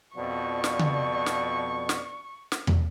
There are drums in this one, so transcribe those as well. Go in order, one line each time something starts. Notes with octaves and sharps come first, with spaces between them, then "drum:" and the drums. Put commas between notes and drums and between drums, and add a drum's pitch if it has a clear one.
F2 B2 F3 D5 C#6
drum: snare
drum: tom C#3
drum: snare
drum: snare
drum: snare
drum: tom